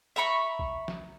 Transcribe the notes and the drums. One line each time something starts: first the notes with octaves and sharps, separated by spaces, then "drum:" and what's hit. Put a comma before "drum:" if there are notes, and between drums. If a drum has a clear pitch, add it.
E5 A#5 B5 C#6
drum: kick
drum: snare